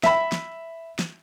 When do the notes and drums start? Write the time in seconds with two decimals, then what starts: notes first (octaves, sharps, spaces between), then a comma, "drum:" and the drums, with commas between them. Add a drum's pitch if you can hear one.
0.04 E5 B5, drum: snare
0.32 drum: snare
0.99 drum: snare